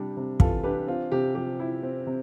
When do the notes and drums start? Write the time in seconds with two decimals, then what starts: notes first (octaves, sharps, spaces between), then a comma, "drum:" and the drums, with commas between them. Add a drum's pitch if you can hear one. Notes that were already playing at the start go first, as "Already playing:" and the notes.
Already playing: C3 G3 D4
0.17 C3
0.40 E3 F4 A4, drum: kick
0.63 D4 G4 B4
0.87 C4 F4
1.12 C3 G4
1.35 F3 G4
1.60 E4
1.83 C4
2.06 C3